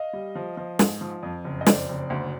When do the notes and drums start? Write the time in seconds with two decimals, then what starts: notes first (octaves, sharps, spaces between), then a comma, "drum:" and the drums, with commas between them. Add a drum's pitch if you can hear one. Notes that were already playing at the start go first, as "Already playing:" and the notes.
Already playing: D#5 F5
0.13 G3
0.36 F3
0.57 F3
0.79 G#2, drum: snare
1.01 F3
1.23 F2
1.45 F#1
1.61 D#5
1.66 F2 C5 D5, drum: snare
1.89 F#1
2.10 D2